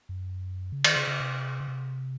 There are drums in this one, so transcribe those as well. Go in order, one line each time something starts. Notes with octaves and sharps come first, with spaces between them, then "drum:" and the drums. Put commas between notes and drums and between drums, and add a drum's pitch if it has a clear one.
F#2
C#3
D#3, drum: cymbal
C#3
C#3
C3
C#3
C3